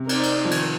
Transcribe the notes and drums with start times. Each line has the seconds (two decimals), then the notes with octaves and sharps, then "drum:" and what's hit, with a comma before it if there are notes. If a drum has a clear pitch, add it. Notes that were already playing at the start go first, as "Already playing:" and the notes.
Already playing: C3
0.09 C4 D#4 A#4 D5, drum: cymbal
0.23 drum: cymbal
0.45 F3
0.51 D#3, drum: cymbal